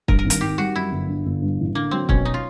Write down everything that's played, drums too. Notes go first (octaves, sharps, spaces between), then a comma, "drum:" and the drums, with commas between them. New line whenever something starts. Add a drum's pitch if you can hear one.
G2 A#4, drum: kick
A#4
G#1
A#4, drum: hi-hat
D#3 G4
G3 F#4
F#2 E4
G1
D3
G1
G2
A1
D3 A#3
F#3 C4
B2 C#4, drum: kick
D#4
F4